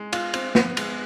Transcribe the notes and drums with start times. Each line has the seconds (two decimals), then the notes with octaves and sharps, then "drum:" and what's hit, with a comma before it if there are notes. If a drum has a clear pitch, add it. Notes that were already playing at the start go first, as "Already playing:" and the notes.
Already playing: G#3
0.13 F4, drum: cymbal
0.34 C4, drum: cymbal
0.55 B3, drum: snare
0.77 G#3, drum: cymbal